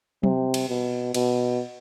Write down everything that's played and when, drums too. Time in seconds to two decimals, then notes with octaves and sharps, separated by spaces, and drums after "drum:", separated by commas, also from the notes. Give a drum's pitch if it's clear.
0.23 C3, drum: tom F#3
0.54 drum: cymbal
0.69 B2
1.14 B2, drum: cymbal